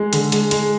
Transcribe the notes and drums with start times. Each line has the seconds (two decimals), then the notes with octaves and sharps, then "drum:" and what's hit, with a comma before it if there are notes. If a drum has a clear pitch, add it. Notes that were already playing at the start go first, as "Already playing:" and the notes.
Already playing: G#3
0.13 D3, drum: hi-hat
0.32 G#3, drum: hi-hat
0.51 G#3, drum: hi-hat